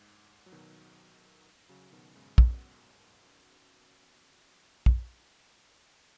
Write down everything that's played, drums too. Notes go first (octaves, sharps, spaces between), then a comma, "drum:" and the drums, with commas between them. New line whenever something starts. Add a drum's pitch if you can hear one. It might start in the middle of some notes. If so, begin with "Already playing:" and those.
Already playing: G#2
F#3
B2 D#3
C#3 F#3
B2 D#3
G#2 C#3
F#2 B2, drum: kick
drum: kick